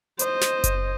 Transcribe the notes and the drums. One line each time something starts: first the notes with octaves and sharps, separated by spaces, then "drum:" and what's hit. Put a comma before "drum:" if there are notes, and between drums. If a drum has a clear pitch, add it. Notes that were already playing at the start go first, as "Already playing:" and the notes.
C5 D#5, drum: hi-hat
drum: snare
drum: kick F#1, hi-hat